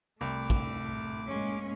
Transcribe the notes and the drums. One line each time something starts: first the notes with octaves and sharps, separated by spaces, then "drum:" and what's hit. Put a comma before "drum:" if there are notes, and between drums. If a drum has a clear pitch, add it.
C2 A3 D6
drum: kick
G#3 A#3 C#4